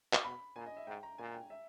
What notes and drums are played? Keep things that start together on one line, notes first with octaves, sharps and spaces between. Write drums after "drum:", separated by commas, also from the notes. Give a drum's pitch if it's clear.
drum: clap
B2 B5
A#2 G#5
D#5
E5
G#2 G5
A#5
A#2 G#5
G5
E5